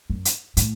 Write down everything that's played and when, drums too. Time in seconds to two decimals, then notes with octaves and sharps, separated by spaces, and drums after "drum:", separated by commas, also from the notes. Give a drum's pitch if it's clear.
0.10 F#2
0.25 drum: hi-hat
0.57 A2, drum: hi-hat